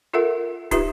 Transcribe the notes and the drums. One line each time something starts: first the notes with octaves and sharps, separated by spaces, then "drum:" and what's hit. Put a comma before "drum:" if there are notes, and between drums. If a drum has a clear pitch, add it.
F4 A4 A#4 E5 F#5
D#4 F4 G4 B4 E5, drum: kick, hi-hat